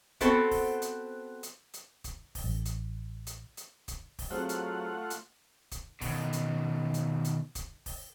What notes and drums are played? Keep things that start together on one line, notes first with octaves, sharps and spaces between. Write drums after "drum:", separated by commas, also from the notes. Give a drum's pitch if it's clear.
B3 C4 F#4 A4 C5, drum: kick, hi-hat
drum: kick, open hi-hat
drum: hi-hat
drum: hi-hat
drum: hi-hat
drum: kick, hi-hat
drum: kick, open hi-hat
A1
drum: hi-hat
drum: hi-hat
drum: hi-hat
drum: kick, hi-hat
drum: kick, open hi-hat
F#3 A3 C4 F4 G#4 C5 F#5
drum: hi-hat
drum: hi-hat
drum: kick, hi-hat
D#2 B2, drum: kick, open hi-hat
drum: hi-hat
drum: hi-hat
drum: hi-hat
drum: kick, hi-hat
drum: kick, open hi-hat